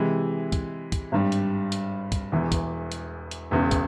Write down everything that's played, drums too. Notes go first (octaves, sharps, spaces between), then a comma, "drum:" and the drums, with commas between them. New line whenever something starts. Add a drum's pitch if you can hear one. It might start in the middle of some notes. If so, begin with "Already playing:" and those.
Already playing: C3 E3 G#3 E4
drum: kick, hi-hat
drum: kick, hi-hat
G#1 G2 G3
drum: hi-hat
drum: hi-hat
drum: kick, hi-hat
E1 E2 E3
drum: kick, hi-hat
drum: hi-hat
drum: hi-hat
E1 E2 C#3
drum: kick, hi-hat